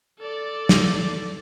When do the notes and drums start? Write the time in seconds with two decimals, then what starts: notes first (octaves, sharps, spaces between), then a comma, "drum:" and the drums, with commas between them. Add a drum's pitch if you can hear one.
0.20 A4 D5
0.69 drum: snare